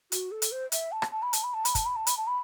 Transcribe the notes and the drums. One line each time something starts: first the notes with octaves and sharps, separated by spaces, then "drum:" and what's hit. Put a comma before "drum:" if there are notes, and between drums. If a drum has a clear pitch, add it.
F#4, drum: hi-hat
A4
drum: hi-hat
C5
E5, drum: hi-hat
A5
drum: rim click
A5
B5
A5, drum: hi-hat
B5
A5
B5, drum: hi-hat
A5, drum: kick, hi-hat
B5
A5
B5, drum: hi-hat
A5
B5